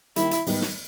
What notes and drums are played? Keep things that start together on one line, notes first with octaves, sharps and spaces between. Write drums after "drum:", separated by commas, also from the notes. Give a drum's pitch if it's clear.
D#3 G3 A#3 E4, drum: hi-hat
drum: hi-hat
G#2 D#3 G3 B3 D#4, drum: open hi-hat
drum: snare